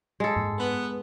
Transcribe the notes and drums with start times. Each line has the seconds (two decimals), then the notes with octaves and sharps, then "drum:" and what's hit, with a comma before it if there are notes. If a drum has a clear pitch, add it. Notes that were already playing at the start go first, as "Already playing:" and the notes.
0.20 G#3 A4
0.36 drum: tom G#2
0.58 B3